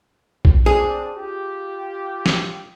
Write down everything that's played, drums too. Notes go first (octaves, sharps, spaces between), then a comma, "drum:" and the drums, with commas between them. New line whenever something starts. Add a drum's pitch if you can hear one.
drum: kick A#1
C4 D4 G#4
F4 G4
drum: snare